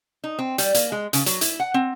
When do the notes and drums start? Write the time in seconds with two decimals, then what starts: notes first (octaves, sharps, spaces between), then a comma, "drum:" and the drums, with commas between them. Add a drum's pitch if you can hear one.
0.24 D#4
0.39 C4
0.58 G3, drum: hi-hat
0.74 A#3, drum: hi-hat
0.92 G#3
1.13 C#3, drum: hi-hat
1.26 F#3, drum: hi-hat
1.41 E4, drum: hi-hat
1.60 F#5
1.74 C4